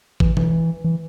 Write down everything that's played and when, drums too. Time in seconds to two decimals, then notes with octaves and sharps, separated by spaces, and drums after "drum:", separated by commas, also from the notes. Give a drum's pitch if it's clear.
0.20 E3, drum: kick G#1
0.37 E3, drum: tom B2
0.84 E3